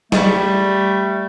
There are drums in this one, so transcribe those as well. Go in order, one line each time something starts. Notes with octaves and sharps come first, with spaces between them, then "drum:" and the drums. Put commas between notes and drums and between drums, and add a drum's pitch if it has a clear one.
G3 A3, drum: snare